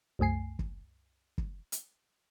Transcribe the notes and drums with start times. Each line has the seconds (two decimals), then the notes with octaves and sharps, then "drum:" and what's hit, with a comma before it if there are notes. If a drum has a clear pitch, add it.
0.19 C2 F#2 A3 G#5 C7
0.59 drum: kick
1.38 drum: kick
1.72 drum: hi-hat